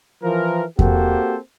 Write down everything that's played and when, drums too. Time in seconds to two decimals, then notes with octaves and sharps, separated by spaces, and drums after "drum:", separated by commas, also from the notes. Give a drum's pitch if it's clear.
0.23 E3 F3 A#4
0.79 A#3 C4 F#4 G4 A4 C5, drum: kick E2